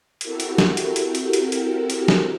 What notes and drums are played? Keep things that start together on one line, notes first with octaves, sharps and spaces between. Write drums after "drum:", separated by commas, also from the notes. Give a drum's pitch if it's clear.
C4 E4 F#4 G4 A4 A#4, drum: hi-hat
drum: hi-hat
drum: snare
drum: hi-hat
drum: hi-hat
drum: hi-hat
drum: hi-hat
drum: hi-hat
drum: hi-hat
drum: snare